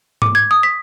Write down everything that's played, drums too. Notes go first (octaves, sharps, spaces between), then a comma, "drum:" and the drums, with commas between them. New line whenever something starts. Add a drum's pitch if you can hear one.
D6, drum: tom G#2
G#6
D#6
B6